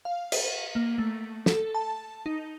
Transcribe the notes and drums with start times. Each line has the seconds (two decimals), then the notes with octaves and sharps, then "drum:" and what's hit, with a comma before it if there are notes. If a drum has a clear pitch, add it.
0.05 F5
0.32 drum: cymbal
0.75 A#3
0.98 A3
1.46 A4, drum: snare
1.75 A5
2.26 D#4